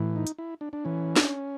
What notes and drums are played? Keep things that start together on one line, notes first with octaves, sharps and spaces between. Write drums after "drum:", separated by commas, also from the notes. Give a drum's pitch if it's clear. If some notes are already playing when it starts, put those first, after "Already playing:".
Already playing: A2 E3
D#4
drum: hi-hat
E4
D4
D4
E3 C#4
drum: snare